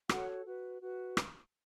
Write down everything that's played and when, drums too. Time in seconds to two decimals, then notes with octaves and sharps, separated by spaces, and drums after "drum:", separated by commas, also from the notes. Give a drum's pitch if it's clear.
0.09 F#4 A4 C#5 F#5, drum: rim click
0.45 F#4 B4
0.81 F#4 B4
1.17 drum: rim click